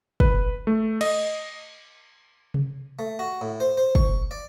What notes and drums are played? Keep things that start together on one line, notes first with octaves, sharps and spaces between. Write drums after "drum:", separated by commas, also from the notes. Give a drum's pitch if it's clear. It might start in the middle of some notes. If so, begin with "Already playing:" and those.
B4, drum: kick
A3
D#5, drum: cymbal
drum: tom C3
A3
F#4
A2
C5
C5
C#6, drum: kick
D5